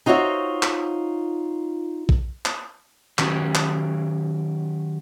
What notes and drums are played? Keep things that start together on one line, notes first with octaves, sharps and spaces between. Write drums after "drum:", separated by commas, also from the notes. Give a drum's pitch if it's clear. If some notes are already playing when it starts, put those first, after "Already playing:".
D#4 F4 F#4 C5 C#5 E5
drum: clap
drum: kick
drum: clap
D#3 F#3 C#4 F#4 G4, drum: clap
drum: clap